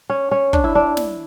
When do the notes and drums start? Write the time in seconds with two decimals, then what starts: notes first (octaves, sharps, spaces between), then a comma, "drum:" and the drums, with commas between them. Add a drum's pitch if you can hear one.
0.10 C#4
0.31 C#4
0.53 D4, drum: kick
0.64 E4
0.75 D4
0.97 drum: snare